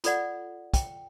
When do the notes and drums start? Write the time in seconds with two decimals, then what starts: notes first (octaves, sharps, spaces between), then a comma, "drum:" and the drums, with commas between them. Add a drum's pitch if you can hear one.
0.04 F4 A4 D5 F#5, drum: hi-hat
0.74 G5, drum: kick, hi-hat